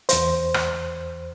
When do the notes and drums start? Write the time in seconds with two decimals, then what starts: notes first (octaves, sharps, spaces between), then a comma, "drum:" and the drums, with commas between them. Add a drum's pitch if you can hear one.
0.09 E2 C5, drum: hi-hat
0.54 drum: rim click